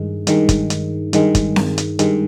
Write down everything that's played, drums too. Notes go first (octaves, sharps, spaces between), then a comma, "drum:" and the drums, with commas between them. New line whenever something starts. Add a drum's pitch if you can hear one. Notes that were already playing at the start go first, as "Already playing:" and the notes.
Already playing: G2 D#3 G#3
G2 D#3 G#3, drum: hi-hat
drum: kick, hi-hat
drum: hi-hat
G2 D#3 G#3, drum: hi-hat
drum: kick, hi-hat
drum: snare C4
drum: hi-hat
G2 D#3 G#3, drum: hi-hat